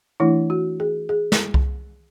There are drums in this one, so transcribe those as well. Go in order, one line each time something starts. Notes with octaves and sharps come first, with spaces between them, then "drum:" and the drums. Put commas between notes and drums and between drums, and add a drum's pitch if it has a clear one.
E3 A3 D4 E4
F#4
G#4
G#4
drum: snare
drum: kick C2